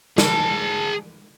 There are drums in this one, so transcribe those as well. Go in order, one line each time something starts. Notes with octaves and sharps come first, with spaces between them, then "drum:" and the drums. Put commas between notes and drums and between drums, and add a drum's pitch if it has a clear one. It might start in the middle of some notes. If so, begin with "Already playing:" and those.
G#4 A5, drum: snare